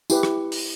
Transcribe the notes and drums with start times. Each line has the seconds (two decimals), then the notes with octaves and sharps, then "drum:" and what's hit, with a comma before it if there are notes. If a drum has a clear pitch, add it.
0.10 E4 G4 B4, drum: tambourine
0.23 drum: rim click
0.52 drum: open hi-hat